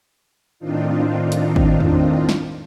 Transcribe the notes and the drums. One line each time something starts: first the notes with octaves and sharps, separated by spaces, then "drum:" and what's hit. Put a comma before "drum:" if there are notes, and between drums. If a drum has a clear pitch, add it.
A2 D#3 C4 D4 D#4 F4
drum: hi-hat
drum: kick
drum: tom E2
drum: snare